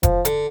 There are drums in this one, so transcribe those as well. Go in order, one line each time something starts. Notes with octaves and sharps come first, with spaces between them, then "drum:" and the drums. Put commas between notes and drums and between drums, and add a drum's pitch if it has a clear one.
F3, drum: kick F1, hi-hat
D3, drum: hi-hat